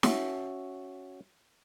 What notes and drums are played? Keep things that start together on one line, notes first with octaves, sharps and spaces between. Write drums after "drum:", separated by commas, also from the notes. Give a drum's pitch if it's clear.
C#4 F#4 E5, drum: snare